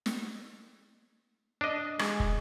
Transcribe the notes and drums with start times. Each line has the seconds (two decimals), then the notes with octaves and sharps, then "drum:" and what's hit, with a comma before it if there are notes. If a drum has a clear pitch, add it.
0.06 drum: snare
1.61 D4 D#5
1.99 G#3, drum: rim click
2.20 drum: kick